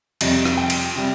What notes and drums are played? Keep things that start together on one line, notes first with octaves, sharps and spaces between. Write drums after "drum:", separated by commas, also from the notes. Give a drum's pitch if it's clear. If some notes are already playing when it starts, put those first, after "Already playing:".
F2 C3 G3 D#5, drum: cymbal
drum: rim click
G5
drum: cymbal
C3 G3